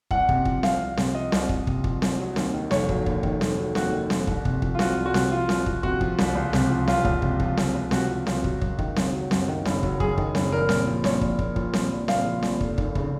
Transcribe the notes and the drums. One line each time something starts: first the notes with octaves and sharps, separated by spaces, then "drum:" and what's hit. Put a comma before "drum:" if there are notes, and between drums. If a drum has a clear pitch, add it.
C2 F#5, drum: kick
C3, drum: kick
F3, drum: kick
C2 F5, drum: snare C4
C2
C3, drum: snare C4
F3 D#5
C2, drum: snare C4
C2, drum: kick
C3, drum: kick
F3, drum: kick
C2, drum: snare C4
F#3
D#2, drum: snare C4
D#3
F1 C#5, drum: snare C4
F#3, drum: kick
D#2, drum: kick
D#3, drum: kick
F1, drum: snare C4
F#3
D#2 F#4, drum: snare C4
D#3
F1, drum: snare C4
C2, drum: kick
C3, drum: kick
F3, drum: kick
F4
C2 F#4, drum: snare C4
C2
F#4
C3, drum: snare C4
F3 F4
C2, drum: snare C4
C2, drum: kick
C3 F#4, drum: kick
F3, drum: kick
C2, drum: snare C4
C#2
C3, drum: snare C4
F3
C#2 F4, drum: snare C4
C#2, drum: kick
C3, drum: kick
F3, drum: kick
C#2, drum: snare C4
C#2
C3 F#4, drum: snare C4
F3
C#2, drum: snare C4
F#3, drum: kick
F#2, drum: kick
D#3, drum: kick
F#1, drum: snare C4
F#3
F#2, drum: snare C4
D#3
F#1, drum: snare C4
F#3, drum: kick
F#2 G#4, drum: kick
D#3, drum: kick
F#1, drum: snare C4
A#1 A#4
A#2, drum: snare C4
F3
A#1 C#5, drum: snare C4
A#1, drum: kick
A#2, drum: kick
F3, drum: kick
A#1, drum: snare C4
A#1
A#2 F5, drum: snare C4
F3
A#1, drum: snare C4
F1, drum: kick
D#2, drum: kick
C#3, drum: kick